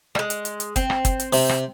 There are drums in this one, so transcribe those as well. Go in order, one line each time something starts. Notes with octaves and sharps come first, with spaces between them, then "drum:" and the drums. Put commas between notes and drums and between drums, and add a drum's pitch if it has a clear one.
G3 G#3, drum: rim click
drum: hi-hat
drum: hi-hat
drum: hi-hat
C4, drum: kick, hi-hat
drum: rim click
drum: kick, hi-hat
drum: hi-hat
C3, drum: open hi-hat
drum: rim click